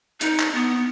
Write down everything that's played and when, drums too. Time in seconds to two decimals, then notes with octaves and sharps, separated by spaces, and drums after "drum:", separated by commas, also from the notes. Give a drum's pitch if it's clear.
0.21 D#4, drum: hi-hat
0.40 drum: clap
0.55 B3